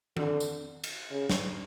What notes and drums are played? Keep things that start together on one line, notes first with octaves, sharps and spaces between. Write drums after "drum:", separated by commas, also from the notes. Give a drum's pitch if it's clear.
D3, drum: tom D#3
drum: tambourine
drum: cymbal
C#3
drum: snare